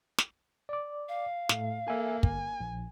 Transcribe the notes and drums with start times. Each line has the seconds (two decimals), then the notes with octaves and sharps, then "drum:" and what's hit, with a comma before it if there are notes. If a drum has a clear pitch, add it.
0.18 drum: snare
0.69 D5 D6
1.09 F5
1.49 A2 A3, drum: snare
1.88 A#3 A4 E5 G#5
2.23 G1 G#5, drum: kick
2.60 A#1